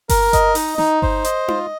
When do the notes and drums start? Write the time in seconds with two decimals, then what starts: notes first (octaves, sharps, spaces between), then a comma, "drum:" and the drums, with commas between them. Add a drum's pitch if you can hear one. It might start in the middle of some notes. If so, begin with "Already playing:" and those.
0.09 A#4, drum: kick G1, open hi-hat
0.33 D#5, drum: kick G1, hi-hat
0.55 D#4, drum: open hi-hat
0.78 D#4, drum: snare
1.02 C5, drum: kick G1
1.24 D#5, drum: hi-hat
1.48 F4, drum: tom D#4